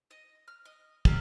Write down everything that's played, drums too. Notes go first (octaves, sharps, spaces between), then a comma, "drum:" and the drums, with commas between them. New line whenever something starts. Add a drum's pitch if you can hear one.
D#5
F6
D#5
F4 G4 A#4 E5, drum: kick